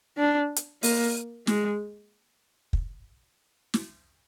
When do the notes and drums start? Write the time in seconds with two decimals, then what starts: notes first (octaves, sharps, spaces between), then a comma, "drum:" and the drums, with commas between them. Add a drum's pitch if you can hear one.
0.18 D4
0.56 drum: hi-hat
0.83 A#3, drum: open hi-hat
1.47 G#3, drum: snare
2.73 drum: kick
3.74 drum: snare